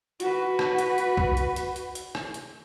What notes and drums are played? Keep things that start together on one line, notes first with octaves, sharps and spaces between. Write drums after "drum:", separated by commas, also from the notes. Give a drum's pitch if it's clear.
F#4 B4, drum: hi-hat
drum: rim click
drum: hi-hat
drum: hi-hat
drum: kick
drum: hi-hat
drum: hi-hat
drum: hi-hat
drum: hi-hat
drum: rim click
drum: hi-hat